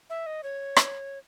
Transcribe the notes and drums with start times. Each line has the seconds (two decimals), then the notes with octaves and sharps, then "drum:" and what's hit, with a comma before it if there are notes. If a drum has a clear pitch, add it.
0.10 E5
0.26 D#5
0.43 C#5
0.77 drum: rim click